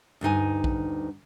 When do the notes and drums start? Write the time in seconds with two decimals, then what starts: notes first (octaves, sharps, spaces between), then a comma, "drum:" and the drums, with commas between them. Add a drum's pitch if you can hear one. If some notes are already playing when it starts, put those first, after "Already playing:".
0.21 D2 G2 D#4 G#5
0.64 drum: kick A#1